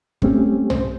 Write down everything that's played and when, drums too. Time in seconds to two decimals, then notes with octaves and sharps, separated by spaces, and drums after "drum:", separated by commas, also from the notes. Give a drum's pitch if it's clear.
0.22 G3 A3 C4 C#4 G4, drum: kick
0.70 C5, drum: tom